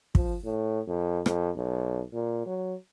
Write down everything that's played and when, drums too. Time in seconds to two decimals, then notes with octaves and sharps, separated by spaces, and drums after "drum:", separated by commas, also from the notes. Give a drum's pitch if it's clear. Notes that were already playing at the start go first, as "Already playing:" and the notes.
0.15 F3, drum: kick
0.44 A2
0.87 F2
1.26 F2, drum: rim click
1.56 B1
2.13 A#2
2.46 F#3